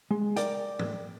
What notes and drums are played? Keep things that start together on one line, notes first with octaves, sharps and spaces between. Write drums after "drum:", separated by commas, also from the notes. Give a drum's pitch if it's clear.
G#3
A#4 D5 G5, drum: hi-hat
drum: tom